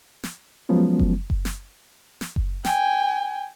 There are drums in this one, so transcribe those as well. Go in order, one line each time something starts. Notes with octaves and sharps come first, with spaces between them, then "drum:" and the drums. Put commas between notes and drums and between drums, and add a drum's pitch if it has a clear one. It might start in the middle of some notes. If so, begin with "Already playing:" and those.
drum: snare
F3 F#3 G#3 B3 C#4
drum: kick F#1
drum: kick F#1
drum: snare
drum: snare
drum: kick F#1
G5 G#5, drum: snare